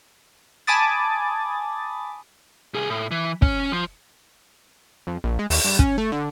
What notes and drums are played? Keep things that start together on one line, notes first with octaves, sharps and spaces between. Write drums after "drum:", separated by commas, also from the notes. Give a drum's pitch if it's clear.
G#5 A5 B5 D6 D#6 A6
C2 G#4
A2
E3
C#4, drum: kick
F3
F2
A#1
G#3
D#2, drum: open hi-hat
G2
C#4, drum: kick
A3
D3